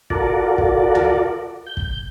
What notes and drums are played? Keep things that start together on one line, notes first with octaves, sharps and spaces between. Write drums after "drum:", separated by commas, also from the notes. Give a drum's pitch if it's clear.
F4 F#4 A4 A#4 D5, drum: kick
drum: kick
drum: tom D2
G6
drum: kick